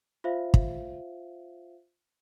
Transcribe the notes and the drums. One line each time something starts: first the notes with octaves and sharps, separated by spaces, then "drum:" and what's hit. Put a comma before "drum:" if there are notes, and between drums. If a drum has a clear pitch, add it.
F4 C5 E5 F5
drum: kick